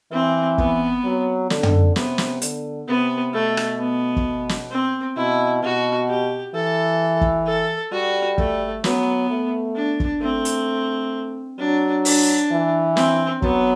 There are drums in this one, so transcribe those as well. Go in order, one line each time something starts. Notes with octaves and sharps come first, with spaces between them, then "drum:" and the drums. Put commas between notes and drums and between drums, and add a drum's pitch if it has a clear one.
E3 C4
B3, drum: kick
F#3
D3, drum: snare
drum: tom
C3 B3, drum: snare
drum: snare
D3, drum: hi-hat
C3 B3
B2 A3
drum: rim click
B3
drum: kick
drum: snare
C4
B2 E4
B2 F#4
G4
E3 A4
drum: kick
A4
G3 F#4
A3, drum: kick
F#3 B3, drum: snare
A3
D4
drum: kick
A3 C4
drum: hi-hat
F#3 D4
D4, drum: open hi-hat
E3
C4, drum: snare
F#3 B3, drum: kick